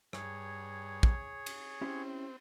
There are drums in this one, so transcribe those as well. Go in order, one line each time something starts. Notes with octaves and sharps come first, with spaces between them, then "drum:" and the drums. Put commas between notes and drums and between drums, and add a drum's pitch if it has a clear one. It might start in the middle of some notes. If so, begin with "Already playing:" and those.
G2 G#4 C#5, drum: rim click
drum: kick
drum: cymbal
C4 C#4 E4 G4